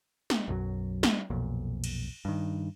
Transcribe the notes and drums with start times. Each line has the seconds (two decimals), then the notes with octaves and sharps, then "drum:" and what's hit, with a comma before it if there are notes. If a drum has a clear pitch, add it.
0.30 drum: snare
0.48 B1 F#2 F3 F#3
1.03 drum: snare
1.30 B1 F2 A#2
1.84 drum: cymbal
2.25 G2 D#3